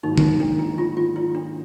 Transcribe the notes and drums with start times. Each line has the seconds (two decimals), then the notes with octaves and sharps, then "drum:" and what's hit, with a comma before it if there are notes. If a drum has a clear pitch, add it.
0.03 G#2 D#3 F#3 A#3 D#4
0.18 drum: tom D#3
0.40 D4
0.59 E4
0.78 F4
0.97 F4
1.16 E4
1.35 D4